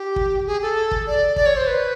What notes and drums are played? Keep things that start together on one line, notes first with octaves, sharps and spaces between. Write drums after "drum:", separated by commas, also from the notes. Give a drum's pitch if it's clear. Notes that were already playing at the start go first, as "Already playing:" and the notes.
Already playing: G4
drum: kick
G#4
A4
drum: kick
D5
D5, drum: kick
C#5
C5
B4